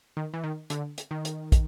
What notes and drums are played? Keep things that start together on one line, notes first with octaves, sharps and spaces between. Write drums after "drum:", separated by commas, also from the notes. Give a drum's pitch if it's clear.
D#3
E3
D#3
D3, drum: hi-hat
drum: hi-hat
D#3
drum: hi-hat
drum: kick, hi-hat